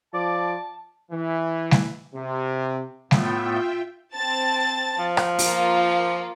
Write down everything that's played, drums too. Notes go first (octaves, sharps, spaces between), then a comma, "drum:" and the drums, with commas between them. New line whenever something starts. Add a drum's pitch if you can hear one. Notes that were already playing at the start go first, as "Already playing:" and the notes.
F3 D5 A5 D6
E3
drum: snare G3
C3
A2 A3 B3 F4 E5 G5, drum: snare G3
C4 A5 A6
F3
drum: rim click
A#3 F4, drum: open hi-hat